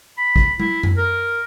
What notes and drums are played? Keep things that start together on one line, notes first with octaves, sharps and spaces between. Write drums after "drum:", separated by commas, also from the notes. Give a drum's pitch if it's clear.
B5
drum: kick
E4, drum: tom G#3
drum: tom F#2
A#4